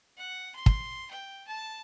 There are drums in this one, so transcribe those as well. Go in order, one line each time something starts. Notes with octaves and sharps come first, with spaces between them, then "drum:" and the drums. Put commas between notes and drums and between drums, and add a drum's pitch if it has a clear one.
F#5
C6
drum: kick
G5
A5